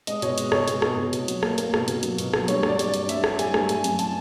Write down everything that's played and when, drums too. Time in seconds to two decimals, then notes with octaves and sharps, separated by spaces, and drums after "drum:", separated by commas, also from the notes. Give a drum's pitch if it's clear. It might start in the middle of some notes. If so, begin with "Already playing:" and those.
0.07 G#3 D#5, drum: hi-hat
0.22 B2 C#5, drum: hi-hat
0.38 G#3, drum: hi-hat
0.52 B2 C#5, drum: rim click
0.68 B2, drum: hi-hat
0.82 B2, drum: rim click
0.97 B2
1.13 B2, drum: hi-hat
1.28 F#3, drum: hi-hat
1.43 A#3, drum: rim click
1.58 A#3, drum: hi-hat
1.74 B2, drum: rim click
1.88 B2, drum: hi-hat
2.03 F#3, drum: hi-hat
2.18 B2, drum: hi-hat
2.34 F#3, drum: rim click
2.48 G2 C#5, drum: hi-hat
2.63 G2, drum: rim click
2.69 D5
2.79 G2, drum: hi-hat
2.88 D5
2.94 G2, drum: hi-hat
3.09 G2 E5, drum: hi-hat
3.24 G3, drum: rim click
3.39 G2 G#5, drum: hi-hat
3.54 G2, drum: rim click
3.69 A3 G#5, drum: hi-hat
3.84 F#2, drum: hi-hat
3.99 A5, drum: hi-hat